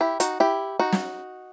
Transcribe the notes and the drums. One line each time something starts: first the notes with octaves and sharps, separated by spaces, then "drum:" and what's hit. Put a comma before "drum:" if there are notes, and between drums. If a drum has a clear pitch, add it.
E4 G4
D#4 F#4, drum: hi-hat
E4 G4
D#4 F#4
drum: snare